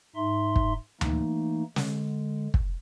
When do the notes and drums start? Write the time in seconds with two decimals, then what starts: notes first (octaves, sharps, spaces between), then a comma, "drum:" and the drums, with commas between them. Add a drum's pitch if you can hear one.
0.16 G#2 D#4 E5 C6
0.56 drum: kick
1.01 E3 A3 A#3 D#4, drum: tom D2
1.76 D3 G#3, drum: snare
2.54 drum: kick